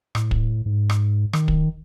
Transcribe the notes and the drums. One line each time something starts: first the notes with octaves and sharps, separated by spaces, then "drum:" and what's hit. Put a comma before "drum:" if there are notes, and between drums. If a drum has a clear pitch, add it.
A2, drum: rim click
drum: kick
G#2
drum: rim click
D#3, drum: rim click
drum: kick